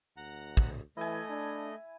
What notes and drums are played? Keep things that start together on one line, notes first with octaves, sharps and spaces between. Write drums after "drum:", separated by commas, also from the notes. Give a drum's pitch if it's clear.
D2 F#5 A#5
drum: kick
E3 A3 E4 D#5 G#5
D4